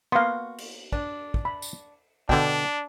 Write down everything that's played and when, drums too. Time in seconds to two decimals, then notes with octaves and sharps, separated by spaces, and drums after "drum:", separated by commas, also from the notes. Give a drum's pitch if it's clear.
0.12 A#3 B3 F#4 F5 C6
0.58 drum: cymbal
0.92 D4, drum: kick
1.34 drum: kick
1.45 B5
1.62 drum: tambourine
2.29 B2 D3 D4 D5 G5, drum: kick